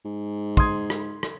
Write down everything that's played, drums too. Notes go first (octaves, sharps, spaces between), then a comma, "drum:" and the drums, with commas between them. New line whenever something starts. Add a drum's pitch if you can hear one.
G#2
C6 D#6 G#6, drum: kick
drum: rim click
drum: rim click